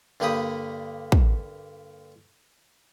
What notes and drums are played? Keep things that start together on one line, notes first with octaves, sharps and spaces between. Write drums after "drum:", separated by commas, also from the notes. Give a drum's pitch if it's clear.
G2 D3 A#3 G4 B5 D#6
drum: kick